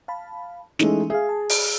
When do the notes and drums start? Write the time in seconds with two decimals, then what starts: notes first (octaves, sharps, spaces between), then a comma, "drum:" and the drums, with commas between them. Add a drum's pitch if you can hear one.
0.08 F5 A5 B5
0.79 E3 G#3 A3 C#4 D#4 E4, drum: snare
1.10 G#4 E5 F5
1.29 A5
1.50 drum: open hi-hat